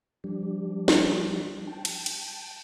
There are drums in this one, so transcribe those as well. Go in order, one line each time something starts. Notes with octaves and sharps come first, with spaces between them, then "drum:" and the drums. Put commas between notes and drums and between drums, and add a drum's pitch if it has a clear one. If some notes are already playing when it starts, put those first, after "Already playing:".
F3 G3 D4 G4
drum: snare
G5 A5
drum: cymbal
drum: cymbal